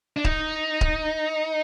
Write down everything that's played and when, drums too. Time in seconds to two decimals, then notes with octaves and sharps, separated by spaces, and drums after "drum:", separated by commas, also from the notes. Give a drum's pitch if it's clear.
0.16 D4
0.24 D#4, drum: kick C#1
0.81 drum: kick C#1